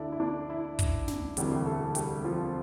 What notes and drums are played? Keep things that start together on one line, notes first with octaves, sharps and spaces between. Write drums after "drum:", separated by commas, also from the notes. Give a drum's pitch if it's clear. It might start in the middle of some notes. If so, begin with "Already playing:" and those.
Already playing: D2 D3 D4 E4
E4
D4
E4
drum: kick, hi-hat
drum: snare
E1 D2 C3 E3 G3 G4, drum: hi-hat
G4
A3 A4
G3 G4, drum: hi-hat
F3 F4